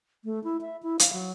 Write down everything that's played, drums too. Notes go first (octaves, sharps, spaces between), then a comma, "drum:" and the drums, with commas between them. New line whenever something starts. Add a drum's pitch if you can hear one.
A3
E4
E5
E4
F5, drum: hi-hat
F#3